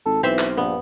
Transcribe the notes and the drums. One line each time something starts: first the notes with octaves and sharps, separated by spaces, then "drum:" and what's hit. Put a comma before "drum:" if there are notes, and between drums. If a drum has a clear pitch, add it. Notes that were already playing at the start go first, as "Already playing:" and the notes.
G#1 A4
B1 E3 C4 C5 E5
drum: clap
A#1 G2 B3